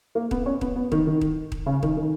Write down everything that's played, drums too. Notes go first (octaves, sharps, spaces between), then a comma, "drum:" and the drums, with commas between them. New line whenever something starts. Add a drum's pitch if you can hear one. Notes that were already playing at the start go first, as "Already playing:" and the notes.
A#3
B3, drum: kick D#1
C#4
B3, drum: kick D#1
B3
D#3, drum: kick D#1
D#3
drum: kick D#1
drum: kick D#1
C#3
D#3, drum: kick D#1
D#3